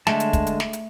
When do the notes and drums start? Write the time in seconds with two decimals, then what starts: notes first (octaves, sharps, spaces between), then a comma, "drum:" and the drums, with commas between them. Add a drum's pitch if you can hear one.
0.07 D3 G#3 A3 A5, drum: snare
0.20 drum: hi-hat
0.33 drum: kick, hi-hat
0.47 drum: hi-hat
0.60 drum: snare
0.73 drum: hi-hat